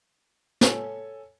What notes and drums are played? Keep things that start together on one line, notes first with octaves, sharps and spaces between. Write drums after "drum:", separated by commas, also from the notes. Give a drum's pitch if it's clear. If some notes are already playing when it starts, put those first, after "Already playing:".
A4 C#5 G#5, drum: snare